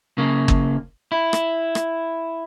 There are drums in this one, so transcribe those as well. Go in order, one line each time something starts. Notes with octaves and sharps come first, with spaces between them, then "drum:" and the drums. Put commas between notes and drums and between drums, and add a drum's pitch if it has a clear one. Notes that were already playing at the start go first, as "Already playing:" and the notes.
C#3 A#3
drum: kick
E4
drum: rim click
drum: rim click